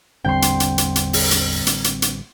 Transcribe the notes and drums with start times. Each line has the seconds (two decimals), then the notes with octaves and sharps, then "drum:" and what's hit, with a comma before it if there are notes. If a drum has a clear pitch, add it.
0.25 A1 E2 D3 G3 C4 G5 C6
0.42 drum: hi-hat
0.60 drum: hi-hat
0.78 drum: hi-hat
0.96 drum: hi-hat
1.13 drum: open hi-hat
1.31 drum: hi-hat
1.67 drum: hi-hat
1.84 drum: hi-hat
2.02 drum: hi-hat